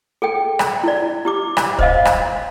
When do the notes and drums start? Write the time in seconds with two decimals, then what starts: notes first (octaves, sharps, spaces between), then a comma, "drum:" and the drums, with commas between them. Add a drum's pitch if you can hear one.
0.22 G#4 A4 G5
0.59 drum: rim click
0.84 E4 D5
1.25 E4 G4 D6
1.57 drum: rim click
1.79 C5 D#5 F5, drum: kick
2.05 drum: rim click